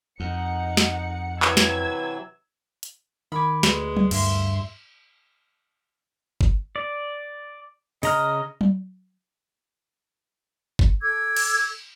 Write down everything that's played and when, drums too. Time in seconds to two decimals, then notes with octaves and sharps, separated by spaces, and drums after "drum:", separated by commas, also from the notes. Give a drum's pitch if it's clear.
0.20 F2 D#4 F#5 C#7
0.77 drum: snare
1.42 C3 E3 F#3 B4 E6 G#6, drum: clap
1.57 drum: snare
2.83 drum: hi-hat
3.32 D#3 G#5 B5 D6
3.63 D2 G#3 B4, drum: snare
3.97 drum: tom F#3
4.11 G2 A#3 E5 C6, drum: cymbal
6.41 drum: kick G1
6.76 D5
8.03 C#3 D#5 A#5 F6, drum: open hi-hat
8.61 drum: tom F#3
10.79 drum: kick G1
11.02 A4 D6 E6 G#6
11.37 drum: cymbal